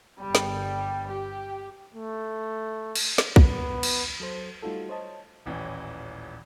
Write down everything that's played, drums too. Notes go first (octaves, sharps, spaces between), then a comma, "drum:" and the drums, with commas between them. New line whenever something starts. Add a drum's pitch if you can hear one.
G1 G3
drum: snare
G4
A3
drum: cymbal
drum: snare
B3, drum: kick
drum: cymbal
F#3 A4 C5
G3 A3 D#4 F4 F#4 A4
C5 C#5 D#5 A5
D#1 A1 E3 C#4